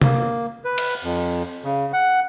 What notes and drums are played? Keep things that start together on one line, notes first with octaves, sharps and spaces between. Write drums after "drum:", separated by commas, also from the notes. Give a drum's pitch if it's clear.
A#3, drum: tom C3
B4
drum: cymbal
F2
C#3
F#5